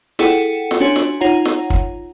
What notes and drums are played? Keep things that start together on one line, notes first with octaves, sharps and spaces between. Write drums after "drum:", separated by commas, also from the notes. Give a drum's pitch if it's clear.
E4 G#4 A4 F#5 G5 C#7, drum: snare
drum: snare
C#4 D4 F#4 C#5 G#5 C6
drum: snare
D#4 F4 C#5 F#5 A#5
drum: snare
drum: kick